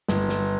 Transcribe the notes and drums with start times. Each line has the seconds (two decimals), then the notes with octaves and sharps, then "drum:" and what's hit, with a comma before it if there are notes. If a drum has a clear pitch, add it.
0.08 G1, drum: snare
0.29 drum: snare